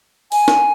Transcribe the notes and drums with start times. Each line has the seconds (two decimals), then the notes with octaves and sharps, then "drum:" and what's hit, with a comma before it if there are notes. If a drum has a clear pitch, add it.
0.32 G#5, drum: open hi-hat
0.48 drum: snare